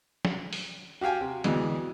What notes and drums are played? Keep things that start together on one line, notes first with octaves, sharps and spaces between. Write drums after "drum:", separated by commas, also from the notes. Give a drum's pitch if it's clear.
drum: snare
drum: open hi-hat
F#4 G4 F5 G5 G#5
C3
D2 B2 E3 G#3, drum: hi-hat